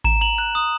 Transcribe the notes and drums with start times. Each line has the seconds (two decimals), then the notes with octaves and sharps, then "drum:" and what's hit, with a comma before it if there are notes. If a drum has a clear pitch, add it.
0.04 A#5 E7, drum: kick G#1
0.21 A#5 F#7
0.38 F#6
0.55 D#6